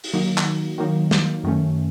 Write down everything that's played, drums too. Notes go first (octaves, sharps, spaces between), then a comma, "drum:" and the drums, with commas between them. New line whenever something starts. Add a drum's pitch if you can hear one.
drum: open hi-hat
D#3 F#3 A#3 D#4
drum: clap
D#3 F#3 A#3 D#4
drum: snare
F#2 D#3 A3 C#4